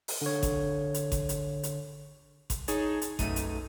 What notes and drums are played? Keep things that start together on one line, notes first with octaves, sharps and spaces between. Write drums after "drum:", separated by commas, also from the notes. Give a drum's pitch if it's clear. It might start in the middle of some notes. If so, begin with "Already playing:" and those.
drum: open hi-hat
D3 C#5
drum: kick G#1, hi-hat
drum: hi-hat
drum: kick G#1, hi-hat
drum: hi-hat
drum: hi-hat
drum: kick G#1, hi-hat
D#4 G#4 C#5 A5, drum: hi-hat
drum: hi-hat
B1 F#2 A3 D#4 D#7, drum: kick G#1, hi-hat
drum: hi-hat